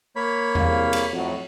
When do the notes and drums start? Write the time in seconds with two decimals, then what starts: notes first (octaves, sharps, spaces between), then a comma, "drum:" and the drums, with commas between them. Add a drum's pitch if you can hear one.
0.16 A#3 C#5 B5
0.55 C2 G#4 F5, drum: tom E2
0.93 drum: cymbal
1.12 F2 A2 F#3